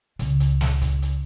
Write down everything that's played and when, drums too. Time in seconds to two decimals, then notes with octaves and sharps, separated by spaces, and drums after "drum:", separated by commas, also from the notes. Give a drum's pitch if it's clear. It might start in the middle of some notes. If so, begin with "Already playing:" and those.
0.19 C#2 C#3, drum: kick, hi-hat
0.40 drum: hi-hat
0.61 drum: snare
0.81 drum: kick, hi-hat
1.02 drum: hi-hat